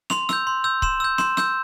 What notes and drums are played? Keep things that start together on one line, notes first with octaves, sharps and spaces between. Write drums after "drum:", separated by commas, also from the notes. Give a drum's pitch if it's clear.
C6 F7, drum: snare
E6 G6, drum: snare
C6
E6 G6
C6 E7, drum: kick C#1
E6 G6
C6 E7, drum: snare
E6 G6, drum: snare